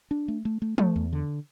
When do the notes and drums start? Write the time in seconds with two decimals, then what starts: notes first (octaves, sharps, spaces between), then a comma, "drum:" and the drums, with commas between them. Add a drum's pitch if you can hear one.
0.11 D4
0.28 A3
0.45 A3
0.62 A3
0.78 A3, drum: tom
0.96 E2
1.13 D3